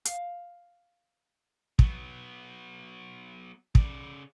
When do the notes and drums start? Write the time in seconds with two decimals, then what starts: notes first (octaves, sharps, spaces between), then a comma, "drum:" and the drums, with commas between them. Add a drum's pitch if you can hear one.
0.05 F5, drum: hi-hat
1.79 F#3 B3, drum: kick
3.75 C#3 D5, drum: kick